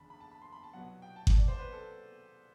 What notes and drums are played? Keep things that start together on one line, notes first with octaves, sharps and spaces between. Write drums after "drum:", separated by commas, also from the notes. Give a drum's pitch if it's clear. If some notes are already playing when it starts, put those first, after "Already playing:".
Already playing: F#1 E2 D3 A5 B5
B5
A5
B5
C6
B5
A5
C2 B2 F#3 B3 F#5
G5
A5
A5, drum: kick G1
D5
C5
B4
A4